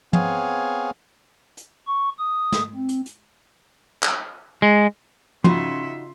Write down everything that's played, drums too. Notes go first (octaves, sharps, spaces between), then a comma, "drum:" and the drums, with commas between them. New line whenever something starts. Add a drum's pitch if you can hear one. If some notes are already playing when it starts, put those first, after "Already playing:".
B3 C4 G#4 C#5 F5 G#5, drum: tom
drum: hi-hat
C#6
D#6
drum: snare
C4
drum: hi-hat
drum: hi-hat
drum: clap
G#3
C#3 C#4 D#4 F4 F#4 E5 C6, drum: tom